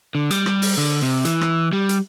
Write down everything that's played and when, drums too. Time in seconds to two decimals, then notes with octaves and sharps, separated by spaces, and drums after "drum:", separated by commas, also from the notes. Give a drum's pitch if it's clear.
0.15 D3
0.30 G3, drum: hi-hat
0.46 drum: rim click
0.62 drum: open hi-hat
0.78 D3
1.02 C3
1.25 E3, drum: hi-hat
1.41 drum: rim click
1.73 G3
1.89 drum: hi-hat